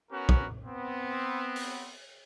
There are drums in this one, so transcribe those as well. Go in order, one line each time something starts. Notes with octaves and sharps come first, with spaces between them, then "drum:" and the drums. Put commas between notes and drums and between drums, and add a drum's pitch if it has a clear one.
B3 C#4 F#4 A#4
drum: kick
B3 C4
drum: open hi-hat